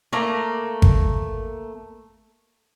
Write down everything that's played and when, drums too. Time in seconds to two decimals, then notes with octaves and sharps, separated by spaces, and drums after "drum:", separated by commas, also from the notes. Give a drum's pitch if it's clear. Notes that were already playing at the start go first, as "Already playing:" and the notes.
0.13 A3 A#3 A#5
0.82 drum: kick G#1